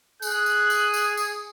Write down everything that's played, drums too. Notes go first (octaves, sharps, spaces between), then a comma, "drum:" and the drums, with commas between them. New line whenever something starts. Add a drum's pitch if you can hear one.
G#4 F#6, drum: tambourine
drum: tambourine
drum: tambourine
drum: tambourine
drum: tambourine